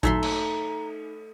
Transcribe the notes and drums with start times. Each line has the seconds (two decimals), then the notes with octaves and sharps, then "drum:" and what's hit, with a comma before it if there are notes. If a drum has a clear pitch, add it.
0.03 D#2 A#2 F#3 A3 D#4 E5 A#5 C6, drum: kick A1
0.23 drum: cymbal